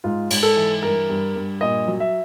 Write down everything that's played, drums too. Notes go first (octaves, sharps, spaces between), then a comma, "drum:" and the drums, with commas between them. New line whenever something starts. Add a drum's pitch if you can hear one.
G#2 F4
G#2, drum: cymbal
A4
E3
G2 A#4
G2
G2
A#2 D#5
F#3
E5